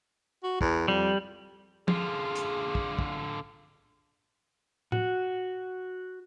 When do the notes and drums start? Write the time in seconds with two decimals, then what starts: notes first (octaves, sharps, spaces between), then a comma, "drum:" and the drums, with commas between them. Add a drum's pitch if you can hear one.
0.43 F#4
0.61 E2, drum: kick
0.88 F2 G3
1.88 D3 F4 G#4, drum: tom
2.36 drum: hi-hat
2.75 drum: kick
2.99 drum: kick
4.92 F#4, drum: tom A2